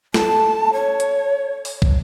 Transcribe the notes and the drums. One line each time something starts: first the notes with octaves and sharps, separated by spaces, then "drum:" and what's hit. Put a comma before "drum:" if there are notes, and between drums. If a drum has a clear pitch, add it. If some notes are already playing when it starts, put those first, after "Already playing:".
A4 A5, drum: snare
C#5
drum: hi-hat
drum: open hi-hat
drum: kick